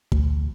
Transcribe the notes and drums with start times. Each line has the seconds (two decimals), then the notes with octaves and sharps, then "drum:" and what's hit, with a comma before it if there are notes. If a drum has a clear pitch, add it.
0.12 D2, drum: kick